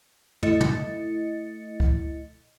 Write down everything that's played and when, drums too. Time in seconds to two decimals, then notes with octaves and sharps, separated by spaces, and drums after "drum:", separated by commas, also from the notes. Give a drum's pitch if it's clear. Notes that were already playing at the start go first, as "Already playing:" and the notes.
0.43 A3 E4 D#5 A6 C#7, drum: tom
0.60 drum: tom
1.80 drum: kick